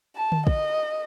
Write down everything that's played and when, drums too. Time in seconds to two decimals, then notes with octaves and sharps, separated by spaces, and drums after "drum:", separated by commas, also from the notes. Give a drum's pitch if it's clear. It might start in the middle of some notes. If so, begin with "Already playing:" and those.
0.16 A5
0.32 drum: tom D3
0.47 D#5, drum: kick